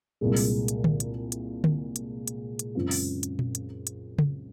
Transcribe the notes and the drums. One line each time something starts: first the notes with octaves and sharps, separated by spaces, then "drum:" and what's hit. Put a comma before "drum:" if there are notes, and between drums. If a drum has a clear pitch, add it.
C2 A#2 G#3
drum: open hi-hat
drum: hi-hat
drum: tom D3
drum: hi-hat
drum: hi-hat
drum: tom D3
drum: hi-hat
drum: hi-hat
drum: hi-hat
F#2 C#3 G#3 C4 F4
drum: open hi-hat
drum: hi-hat
drum: tom A#2
drum: hi-hat
drum: hi-hat
drum: tom C#3